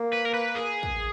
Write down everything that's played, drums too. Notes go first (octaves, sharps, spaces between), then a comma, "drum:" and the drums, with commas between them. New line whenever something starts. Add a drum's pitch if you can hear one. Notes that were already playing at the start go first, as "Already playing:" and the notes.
Already playing: A#3
B4
A#4
B4
G#4
drum: kick